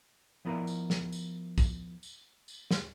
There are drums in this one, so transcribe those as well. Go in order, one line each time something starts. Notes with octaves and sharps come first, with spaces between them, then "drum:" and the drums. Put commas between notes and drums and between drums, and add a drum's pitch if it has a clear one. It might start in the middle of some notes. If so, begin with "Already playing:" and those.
F3 B3 E4 A#4 D5 F5
drum: tambourine
drum: snare
drum: tambourine
drum: kick, tambourine
drum: tambourine
drum: tambourine
drum: snare